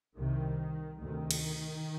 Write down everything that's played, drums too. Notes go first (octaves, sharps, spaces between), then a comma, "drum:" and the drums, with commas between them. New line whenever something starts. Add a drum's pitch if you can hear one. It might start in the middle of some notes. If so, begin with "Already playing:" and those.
C2 C3 D#3
D2 C3 D#3
drum: cymbal